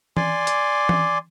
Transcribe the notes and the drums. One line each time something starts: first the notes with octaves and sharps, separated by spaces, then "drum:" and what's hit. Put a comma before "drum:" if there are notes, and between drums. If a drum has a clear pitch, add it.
D5 G#5 C6 D6, drum: tom E3
drum: hi-hat
drum: tom E3